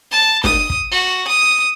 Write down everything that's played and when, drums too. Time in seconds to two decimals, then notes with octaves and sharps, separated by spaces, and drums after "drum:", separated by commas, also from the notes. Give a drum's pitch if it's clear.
0.12 A5
0.44 D#6, drum: snare
0.70 drum: kick
0.92 F#4
1.28 D#6